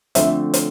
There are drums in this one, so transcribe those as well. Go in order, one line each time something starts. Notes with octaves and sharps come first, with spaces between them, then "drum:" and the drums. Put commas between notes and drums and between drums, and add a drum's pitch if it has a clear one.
D3 F3 A3 C4 E5, drum: hi-hat
drum: hi-hat